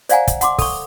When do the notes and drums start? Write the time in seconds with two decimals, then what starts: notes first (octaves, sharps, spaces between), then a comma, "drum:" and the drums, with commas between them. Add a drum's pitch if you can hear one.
0.09 C5 D5 F5 F#5 G#5 A#5, drum: hi-hat
0.27 drum: kick, hi-hat
0.41 F#5 C6 D6, drum: hi-hat
0.58 A4 C#6, drum: kick, open hi-hat